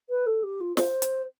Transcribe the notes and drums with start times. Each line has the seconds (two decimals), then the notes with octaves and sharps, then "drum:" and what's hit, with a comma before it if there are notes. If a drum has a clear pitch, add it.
0.09 B4
0.26 A4
0.43 G4
0.60 F4
0.77 C5, drum: snare
1.02 drum: hi-hat